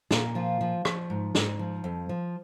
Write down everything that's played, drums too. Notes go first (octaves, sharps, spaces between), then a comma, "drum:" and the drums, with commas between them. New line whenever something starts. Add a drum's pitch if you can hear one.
A#2, drum: snare
F3 F4
F3
F3, drum: rim click
G#2
G#2, drum: snare
F3
F2
F3